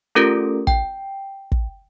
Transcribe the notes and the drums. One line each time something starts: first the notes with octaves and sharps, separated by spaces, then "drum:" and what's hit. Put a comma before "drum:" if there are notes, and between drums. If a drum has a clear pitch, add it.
A3 C#4 F4 G4 A4 A#4
G5, drum: kick
drum: kick